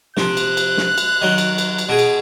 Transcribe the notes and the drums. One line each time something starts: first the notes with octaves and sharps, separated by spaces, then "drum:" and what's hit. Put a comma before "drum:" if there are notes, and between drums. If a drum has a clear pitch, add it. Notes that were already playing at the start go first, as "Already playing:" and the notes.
C3 F3 F#6, drum: snare
drum: cymbal
drum: cymbal
drum: snare
drum: cymbal
D#3 F#3
drum: cymbal
drum: cymbal
drum: cymbal
B2 G#4
drum: cymbal